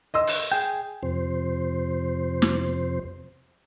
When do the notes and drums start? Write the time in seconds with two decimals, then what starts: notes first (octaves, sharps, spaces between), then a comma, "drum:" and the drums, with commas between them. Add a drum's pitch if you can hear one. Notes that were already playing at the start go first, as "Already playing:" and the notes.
0.14 D#5 C6 E6
0.27 drum: open hi-hat
0.52 G#4 G5
1.03 F2 C3 C5
2.42 drum: snare